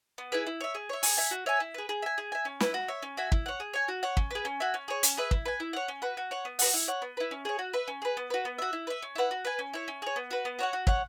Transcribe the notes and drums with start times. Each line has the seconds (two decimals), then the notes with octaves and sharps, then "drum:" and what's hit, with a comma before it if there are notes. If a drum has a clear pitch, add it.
0.18 B3
0.32 E4 G#4 B4
0.46 E4
0.61 C#5 E5
0.75 G#4
0.89 C#5 E5
1.03 G#4, drum: open hi-hat
1.17 E5 G#5
1.31 F#4
1.46 C#5 E5 G#5
1.60 E4
1.74 G#4 B4
1.89 G#4
2.02 E5 G#5
2.18 G#4
2.32 E5 G#5
2.45 C#4
2.60 E4 B4, drum: snare
2.74 F#4
2.88 C#5 E5
3.03 C#4
3.17 F#4 E5 G#5
3.32 E4, drum: kick
3.46 C#5 F#5
3.60 G#4
3.73 C#5 G#5
3.88 F#4
4.03 C#5 F#5
4.17 C#4, drum: kick
4.31 G#4 B4
4.45 C#4
4.60 F#4 E5 G#5
4.74 C#4
4.88 G#4 C#5
5.03 C#4, drum: hi-hat
5.17 G#4 B4 E5
5.31 E4, drum: kick
5.45 B4 G#5
5.60 E4
5.73 C#5 F#5
5.88 C#4
6.02 F#4 B4
6.17 F#4
6.31 C#5 F#5
6.45 B3
6.59 F#4 B4 F#5, drum: open hi-hat
6.74 E4
6.88 C#5 F#5
7.02 B3
7.17 E4 B4
7.31 C#4
7.45 G#4 C#5
7.59 F#4
7.73 B4 E5
7.88 C#4
8.02 G#4 B4
8.17 B3
8.30 F#4 B4
8.45 B3
8.58 F#4 E5
8.73 E4
8.87 B4 E5
9.02 C#4
9.16 E4 B4 F#5
9.31 F#4
9.45 B4 G#5
9.59 C#4
9.74 E4 C#5
9.88 C#4
10.02 G#4 C#5
10.16 B3
10.31 F#4 B4
10.45 B3
10.59 F#4 C#5 F#5
10.73 F#4
10.87 C#5 F#5, drum: kick